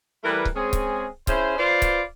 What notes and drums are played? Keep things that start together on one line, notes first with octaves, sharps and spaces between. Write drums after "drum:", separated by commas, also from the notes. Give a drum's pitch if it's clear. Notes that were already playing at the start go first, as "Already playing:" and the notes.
E3 G3 A3 A#4 B4
drum: kick C#1
G#3 C4 C#4 G#4
drum: kick C#1, hi-hat
C#4 E4 G#4 C5, drum: kick C#1, hi-hat
F4 B4 C5 D5
drum: kick C#1, hi-hat